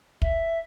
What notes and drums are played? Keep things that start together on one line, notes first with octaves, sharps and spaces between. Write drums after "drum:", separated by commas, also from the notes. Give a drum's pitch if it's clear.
E5, drum: kick